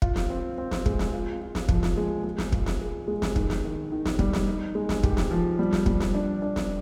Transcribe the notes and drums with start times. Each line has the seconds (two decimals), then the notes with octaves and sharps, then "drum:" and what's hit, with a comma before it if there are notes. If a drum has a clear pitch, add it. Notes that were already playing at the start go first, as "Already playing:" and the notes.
0.02 F4, drum: kick
0.16 drum: snare
0.30 C4
0.58 C4
0.71 drum: snare
0.86 G#3, drum: kick
0.99 drum: snare
1.13 F4
1.41 F4
1.55 drum: snare
1.69 F3, drum: kick
1.83 drum: snare
1.97 G#3
2.24 G#3
2.38 drum: snare
2.52 F4, drum: kick
2.66 drum: snare
2.81 G#4
3.08 G#3
3.22 drum: snare
3.36 D#3, drum: kick
3.50 drum: snare
3.64 D#3
3.92 D#3
4.06 drum: snare
4.19 G3, drum: kick
4.33 drum: snare
4.48 D#4
4.75 G#3
4.89 drum: snare
5.03 G4, drum: kick
5.17 drum: snare
5.31 F3
5.59 G3
5.73 drum: snare
5.86 G3, drum: kick
6.00 drum: snare
6.15 D4
6.42 D4
6.56 drum: snare